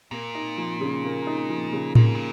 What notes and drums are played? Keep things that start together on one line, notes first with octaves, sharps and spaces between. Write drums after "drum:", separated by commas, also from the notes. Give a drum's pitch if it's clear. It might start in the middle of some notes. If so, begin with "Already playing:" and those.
A#2 A#3
D#4
F3
C#3
A#3
D#4
F3
C#3
A#2 A#3, drum: tom A2
G#2
A#2